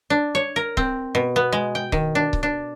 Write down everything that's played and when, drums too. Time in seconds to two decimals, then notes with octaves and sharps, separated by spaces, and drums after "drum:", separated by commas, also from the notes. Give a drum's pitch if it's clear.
0.10 D4
0.35 C#5
0.56 A#4
0.77 C4, drum: kick C#1
1.15 B2
1.36 B3
1.52 G#3
1.75 G5
1.92 D#3, drum: kick C#1
2.15 D4
2.33 drum: kick C#1
2.43 D4